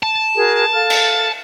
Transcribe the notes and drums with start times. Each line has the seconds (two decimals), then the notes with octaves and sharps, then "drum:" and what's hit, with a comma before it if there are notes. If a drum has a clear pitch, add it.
0.03 A5
0.36 F#4 G#4 A#4
0.73 A4 F5 F6
0.90 drum: cymbal